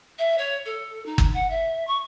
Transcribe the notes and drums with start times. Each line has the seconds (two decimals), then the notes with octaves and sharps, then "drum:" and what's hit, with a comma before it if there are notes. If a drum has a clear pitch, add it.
0.18 E5
0.38 C#5
0.65 A4
1.05 D#4
1.18 drum: kick
1.33 F#5
1.50 E5
1.87 C#6